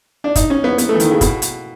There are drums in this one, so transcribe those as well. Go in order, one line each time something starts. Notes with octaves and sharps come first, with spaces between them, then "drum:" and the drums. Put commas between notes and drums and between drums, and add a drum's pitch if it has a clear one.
D4
D#4, drum: kick, hi-hat
C#4
B3
B3, drum: hi-hat
A3
E3
D#3, drum: hi-hat
C#3
B2, drum: kick, hi-hat
drum: hi-hat